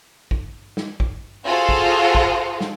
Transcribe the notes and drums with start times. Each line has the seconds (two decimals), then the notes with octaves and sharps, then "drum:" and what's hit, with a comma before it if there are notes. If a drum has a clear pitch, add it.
0.31 drum: kick
0.77 drum: snare
1.00 drum: kick
1.46 F4 F#4 G#4 A4 C5 F5
1.69 drum: kick
2.15 drum: kick
2.61 drum: snare